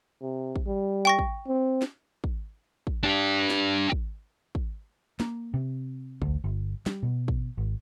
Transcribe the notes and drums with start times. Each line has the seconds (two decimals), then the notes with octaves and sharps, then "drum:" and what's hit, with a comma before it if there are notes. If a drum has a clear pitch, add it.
0.21 C3
0.56 drum: kick
0.66 G3
1.05 G5 C#6 A#6
1.19 drum: kick
1.47 C4
1.82 drum: snare
2.24 drum: kick
2.87 drum: kick
3.03 D4 G4
3.50 drum: snare
3.92 drum: kick
4.55 drum: kick
5.20 A#3, drum: snare
5.54 C3
6.22 D2, drum: kick
6.44 G1
6.86 G3, drum: snare
7.03 B2
7.28 drum: kick
7.57 G#1